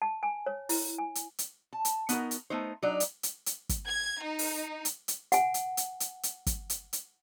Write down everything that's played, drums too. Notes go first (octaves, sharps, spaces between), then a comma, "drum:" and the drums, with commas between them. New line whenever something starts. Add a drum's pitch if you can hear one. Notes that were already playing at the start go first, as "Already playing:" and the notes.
A5
G#5
C#5
E4, drum: open hi-hat
G#5
drum: hi-hat
drum: hi-hat
A5
drum: hi-hat
B3 D#4 F#4 A#4, drum: hi-hat
drum: hi-hat
A3 B3 D#4 C5
F#3 D4 D#4 D5
drum: hi-hat
drum: hi-hat
drum: hi-hat
drum: kick, hi-hat
G#6
D#4
drum: open hi-hat
drum: hi-hat
drum: hi-hat
F#5 G#5, drum: hi-hat
drum: hi-hat
drum: hi-hat
drum: hi-hat
drum: hi-hat
drum: kick, hi-hat
drum: hi-hat
drum: hi-hat